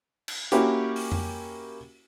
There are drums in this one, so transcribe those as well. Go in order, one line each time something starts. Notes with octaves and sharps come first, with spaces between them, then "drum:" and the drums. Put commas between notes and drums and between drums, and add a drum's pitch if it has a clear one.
drum: cymbal
A#3 C#4 E4 F#4 G4, drum: hi-hat
drum: open hi-hat
drum: tom F2